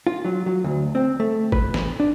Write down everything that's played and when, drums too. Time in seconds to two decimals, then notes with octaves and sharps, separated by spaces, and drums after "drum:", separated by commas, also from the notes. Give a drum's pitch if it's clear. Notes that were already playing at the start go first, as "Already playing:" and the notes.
0.07 F4
0.25 F#3
0.46 F#3
0.64 D2
0.95 C4
1.20 A3
1.52 B4, drum: kick G#1
1.74 drum: snare
2.00 D4